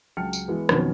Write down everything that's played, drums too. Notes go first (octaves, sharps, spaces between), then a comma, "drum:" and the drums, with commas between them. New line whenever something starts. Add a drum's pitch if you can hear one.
C#2 F#3 G5 A5 F6 C#7
drum: tambourine
E3 G#3 B3
F2 B2 D#3 F#3 B3 C#4, drum: rim click